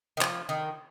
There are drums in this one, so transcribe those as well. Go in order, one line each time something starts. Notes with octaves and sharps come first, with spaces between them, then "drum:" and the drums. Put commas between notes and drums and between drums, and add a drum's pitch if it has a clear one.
D#3
F3, drum: clap
D#3